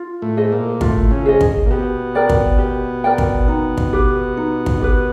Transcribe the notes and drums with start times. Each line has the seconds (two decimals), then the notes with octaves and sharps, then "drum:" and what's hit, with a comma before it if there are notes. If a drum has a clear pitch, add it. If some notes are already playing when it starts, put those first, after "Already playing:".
Already playing: F4
0.22 A2 A3
0.37 G#4 C5 D#5
0.52 A#2 A#3
0.81 A2 A3 F4, drum: kick
1.11 C#3 C#4
1.26 G#4 C5 D#5
1.41 drum: kick
1.66 A#3
1.71 B2 B3 G4
2.15 A#4 D5 G5
2.29 drum: kick
2.59 G4
3.04 A#4 D5 G5
3.18 drum: kick
3.48 D#4
3.77 drum: kick
3.93 G4 B4
4.37 D#4
4.66 drum: kick
4.81 G4 B4